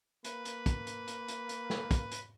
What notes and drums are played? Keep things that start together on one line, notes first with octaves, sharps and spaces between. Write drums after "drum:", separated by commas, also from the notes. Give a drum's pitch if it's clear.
A#3 B4, drum: hi-hat
drum: hi-hat
drum: kick, hi-hat
drum: hi-hat
drum: hi-hat
drum: hi-hat
drum: hi-hat
drum: snare
drum: kick, hi-hat
drum: hi-hat